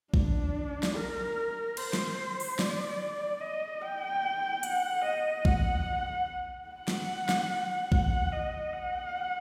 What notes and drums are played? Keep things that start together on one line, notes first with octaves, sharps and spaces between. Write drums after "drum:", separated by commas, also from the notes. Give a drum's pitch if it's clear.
D4, drum: kick A#1
drum: snare
A#4
C5, drum: cymbal
drum: snare
drum: open hi-hat
D5, drum: snare
D#5
G5
F#5, drum: hi-hat
D#5
F#5, drum: kick A#1
F#5
drum: snare
drum: snare
F#5, drum: kick A#1
D#5
F#5